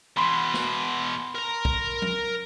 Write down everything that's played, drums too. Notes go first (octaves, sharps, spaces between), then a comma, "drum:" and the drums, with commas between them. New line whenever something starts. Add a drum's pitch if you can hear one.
B2 E3 B5 C6
drum: snare
A#4 A#5
drum: kick
drum: tom F3